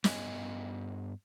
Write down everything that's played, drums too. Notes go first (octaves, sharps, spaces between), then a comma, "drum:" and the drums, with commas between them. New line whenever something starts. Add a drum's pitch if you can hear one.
G2 B3 D#5 G#5, drum: snare